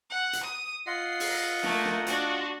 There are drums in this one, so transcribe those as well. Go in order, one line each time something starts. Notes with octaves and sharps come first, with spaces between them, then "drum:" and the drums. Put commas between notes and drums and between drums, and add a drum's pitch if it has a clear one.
F#5
drum: hi-hat
D#6
F4 D#5 F#5 C7
drum: open hi-hat
A3 A#3, drum: snare
drum: snare
D4 F#4, drum: hi-hat